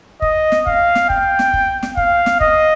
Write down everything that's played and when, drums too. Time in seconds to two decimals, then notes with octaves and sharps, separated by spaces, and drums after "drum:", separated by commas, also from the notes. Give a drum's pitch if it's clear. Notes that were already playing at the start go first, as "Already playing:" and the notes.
0.22 D#5, drum: kick
0.52 drum: snare
0.67 F5, drum: kick
0.95 drum: snare
1.10 G5, drum: kick
1.39 drum: snare
1.53 drum: kick
1.83 drum: snare
1.97 F5, drum: kick
2.26 drum: snare
2.41 D#5, drum: kick